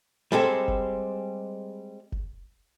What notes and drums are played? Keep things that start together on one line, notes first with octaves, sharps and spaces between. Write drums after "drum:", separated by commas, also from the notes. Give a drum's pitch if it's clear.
G3 G#3 C4 A4
drum: kick F#1
drum: kick F#1